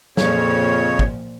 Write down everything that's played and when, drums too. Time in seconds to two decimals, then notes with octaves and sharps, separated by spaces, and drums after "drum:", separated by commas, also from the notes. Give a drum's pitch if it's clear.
0.17 F2 A#2 C#3 F3 C#5, drum: snare
0.99 drum: kick